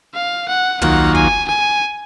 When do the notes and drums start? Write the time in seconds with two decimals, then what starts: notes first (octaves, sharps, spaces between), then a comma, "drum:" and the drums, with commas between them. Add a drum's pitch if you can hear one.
0.15 F5
0.48 F#5
0.82 D#2 D#3 F#3 A#3 F4 F#5, drum: tom
1.15 G#5, drum: kick
1.48 G#5